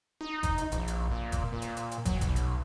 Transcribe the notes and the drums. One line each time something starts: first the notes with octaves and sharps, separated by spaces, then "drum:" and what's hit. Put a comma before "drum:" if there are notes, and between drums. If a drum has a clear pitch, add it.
D#4
drum: kick, hi-hat
drum: hi-hat
A#1, drum: hi-hat
drum: hi-hat
A#2
drum: kick, hi-hat
A#2
drum: hi-hat
drum: hi-hat
drum: hi-hat
F#3, drum: kick, hi-hat
B1, drum: kick, hi-hat
drum: hi-hat